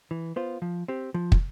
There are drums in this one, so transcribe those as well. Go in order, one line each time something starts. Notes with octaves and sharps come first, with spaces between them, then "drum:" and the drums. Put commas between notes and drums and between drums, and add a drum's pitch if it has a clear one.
E3
B3 F4 C5
F3
C4 G4
F3
drum: kick